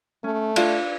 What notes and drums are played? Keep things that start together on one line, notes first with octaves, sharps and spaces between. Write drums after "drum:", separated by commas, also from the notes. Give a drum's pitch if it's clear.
A3 C#4
D4 F4, drum: cymbal